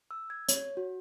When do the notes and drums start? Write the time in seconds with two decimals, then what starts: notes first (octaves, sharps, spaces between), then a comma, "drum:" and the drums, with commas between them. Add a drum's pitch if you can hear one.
0.11 E6
0.30 G#6
0.49 C#5, drum: hi-hat
0.77 F#4